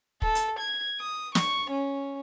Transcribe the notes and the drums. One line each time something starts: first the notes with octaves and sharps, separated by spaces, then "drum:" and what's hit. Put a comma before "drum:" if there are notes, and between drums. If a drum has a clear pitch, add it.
A4, drum: kick
drum: hi-hat
G#6
D#6
C#6, drum: snare
C#4